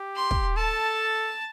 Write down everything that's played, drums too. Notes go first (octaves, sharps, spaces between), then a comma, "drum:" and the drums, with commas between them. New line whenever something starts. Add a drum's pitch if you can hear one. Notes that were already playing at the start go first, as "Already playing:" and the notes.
Already playing: G4
C6
drum: kick
A4 A5